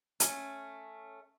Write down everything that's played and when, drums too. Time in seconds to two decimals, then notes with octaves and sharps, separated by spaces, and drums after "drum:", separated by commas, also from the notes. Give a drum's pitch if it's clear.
0.20 A3 C#4, drum: hi-hat